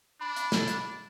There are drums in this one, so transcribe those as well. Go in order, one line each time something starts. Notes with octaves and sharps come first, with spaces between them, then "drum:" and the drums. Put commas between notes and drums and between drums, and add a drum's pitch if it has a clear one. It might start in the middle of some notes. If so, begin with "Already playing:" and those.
D4 B5
drum: hi-hat
drum: snare
drum: hi-hat